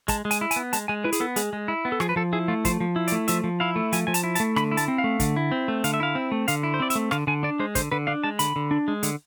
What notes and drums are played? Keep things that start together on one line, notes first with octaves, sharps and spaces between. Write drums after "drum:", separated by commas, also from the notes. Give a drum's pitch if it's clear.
G#3 A5, drum: kick, hi-hat
G#3
G#5, drum: hi-hat
E4
G#5, drum: hi-hat
B3
G#3 A5, drum: hi-hat
G#3 G#5
E4 B4
G#4, drum: hi-hat
B3 A4
G#3 G#4, drum: hi-hat
G#3
E4
B3
A4
F3 G#4, drum: rim click
B4
F3 A4
E4 G#4
A3 F4
F3 C5, drum: kick, hi-hat
F3
E4
D5, drum: hi-hat
A3
F3 E5, drum: hi-hat
F3
E4 F5
A3
F3 G#5, drum: hi-hat
F3 G#5
A5, drum: hi-hat
E4
A5, drum: hi-hat
A3
D3 B5, drum: rim click
E4
A5, drum: hi-hat
C4
F5
A3
D3, drum: kick, hi-hat
E4
C4
A3
D3 F5, drum: hi-hat
E5
E4 F5
C4
A3
D3 F5, drum: hi-hat
E4
C5
C4 D5
E5, drum: hi-hat
A3
D3 F5, drum: rim click
D3 G#5
D4 D5
G#3 C5
D3 C5, drum: kick, hi-hat
D3 B4
D4 F5
G#3 A5
D3 B5, drum: hi-hat
D3
D4
G#3
D3, drum: hi-hat